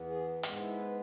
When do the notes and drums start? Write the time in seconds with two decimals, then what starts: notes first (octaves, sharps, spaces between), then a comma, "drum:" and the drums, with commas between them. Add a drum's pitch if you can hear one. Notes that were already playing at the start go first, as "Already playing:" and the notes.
Already playing: E2 E3 B3
0.09 G#4
0.43 G#2 G#3 B3, drum: hi-hat
0.60 E4
0.77 B4